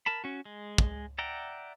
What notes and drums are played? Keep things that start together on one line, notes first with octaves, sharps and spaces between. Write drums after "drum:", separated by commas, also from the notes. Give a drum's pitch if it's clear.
A#4 A5 B5
C#4 F#4
G#3
drum: kick
D5 E5 F#5 G5 A#5